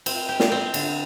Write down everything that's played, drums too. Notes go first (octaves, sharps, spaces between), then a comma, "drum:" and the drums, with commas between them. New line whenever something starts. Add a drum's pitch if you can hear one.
C4, drum: cymbal
G4
drum: snare
C4
D3, drum: cymbal